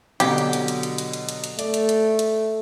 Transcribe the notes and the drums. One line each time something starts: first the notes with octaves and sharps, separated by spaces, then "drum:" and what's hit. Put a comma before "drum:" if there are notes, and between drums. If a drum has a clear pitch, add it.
B2 D3 F#3 G4, drum: hi-hat
drum: hi-hat
drum: hi-hat
drum: hi-hat
drum: hi-hat
drum: hi-hat
drum: hi-hat
drum: hi-hat
drum: hi-hat
A3 D5, drum: hi-hat
drum: hi-hat
drum: hi-hat
drum: hi-hat